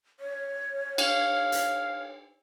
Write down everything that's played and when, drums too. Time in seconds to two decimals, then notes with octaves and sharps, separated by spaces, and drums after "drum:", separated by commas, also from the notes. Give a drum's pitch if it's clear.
0.20 C#5
0.98 F5, drum: cymbal
1.52 drum: hi-hat